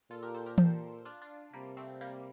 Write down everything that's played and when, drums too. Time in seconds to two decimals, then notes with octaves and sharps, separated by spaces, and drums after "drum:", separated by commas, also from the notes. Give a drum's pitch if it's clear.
0.11 A#2 F4 A4
0.23 G4 A#4
0.35 A4 C5
0.46 G4 A#4
0.58 A4 C5, drum: tom E3
1.05 D4 F4
1.22 D4 F4
1.53 C3 G3 A#3
1.77 A3 C4
2.01 G3 A#3